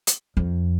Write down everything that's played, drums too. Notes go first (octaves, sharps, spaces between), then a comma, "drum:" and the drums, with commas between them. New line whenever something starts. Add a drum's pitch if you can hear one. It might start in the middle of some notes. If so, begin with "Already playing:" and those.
drum: hi-hat
F2